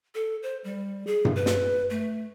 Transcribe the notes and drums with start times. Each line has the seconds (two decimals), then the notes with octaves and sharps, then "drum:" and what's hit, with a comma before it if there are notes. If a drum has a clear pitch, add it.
0.15 A4
0.43 C5
0.64 G3
1.07 G#4
1.25 drum: tom G2
1.36 B4
1.46 drum: snare
1.90 A3